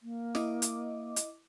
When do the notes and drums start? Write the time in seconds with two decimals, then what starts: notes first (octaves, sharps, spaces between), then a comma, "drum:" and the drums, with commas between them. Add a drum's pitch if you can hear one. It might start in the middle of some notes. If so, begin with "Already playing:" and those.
0.02 A#3
0.35 E4 D#5 D6, drum: snare
0.62 drum: hi-hat
1.16 drum: hi-hat